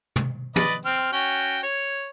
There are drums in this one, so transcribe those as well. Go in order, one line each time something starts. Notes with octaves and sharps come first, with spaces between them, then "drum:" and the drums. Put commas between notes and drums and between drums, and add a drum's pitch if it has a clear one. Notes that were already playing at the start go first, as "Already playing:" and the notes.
drum: tom
B4 D5 D#5, drum: tom
C4 F6
C#4 F#4 G5
C#5